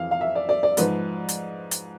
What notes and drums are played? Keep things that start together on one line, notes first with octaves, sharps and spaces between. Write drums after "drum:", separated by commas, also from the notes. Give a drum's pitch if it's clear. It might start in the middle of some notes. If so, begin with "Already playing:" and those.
Already playing: F2 E3 F5
F5
E5
D5
D5
D5
G#2 F3 B4, drum: hi-hat
drum: hi-hat
drum: hi-hat